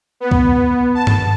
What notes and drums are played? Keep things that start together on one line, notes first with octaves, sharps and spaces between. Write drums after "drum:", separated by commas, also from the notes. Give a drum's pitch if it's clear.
B3
drum: kick C2
A5
drum: tom G2